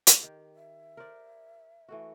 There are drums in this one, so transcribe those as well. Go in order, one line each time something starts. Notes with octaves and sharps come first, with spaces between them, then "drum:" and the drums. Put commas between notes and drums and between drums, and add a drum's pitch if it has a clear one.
drum: hi-hat
D#3 G4
E5
A#4 C5 D5
E3 A3 F#4